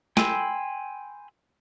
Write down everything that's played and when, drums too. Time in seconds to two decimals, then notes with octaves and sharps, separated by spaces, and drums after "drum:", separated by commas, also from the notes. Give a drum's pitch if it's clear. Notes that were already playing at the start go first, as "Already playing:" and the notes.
0.17 G5 G#5 B5 C6 E6, drum: snare